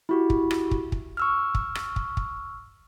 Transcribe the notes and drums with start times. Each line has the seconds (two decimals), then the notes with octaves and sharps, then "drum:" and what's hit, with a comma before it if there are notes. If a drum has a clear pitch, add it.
0.09 E4 F#4 G4
0.30 drum: kick
0.51 drum: rim click
0.71 drum: kick
0.92 drum: kick
1.17 C#6 E6 F6
1.55 drum: kick
1.75 drum: rim click
1.96 drum: kick
2.17 drum: kick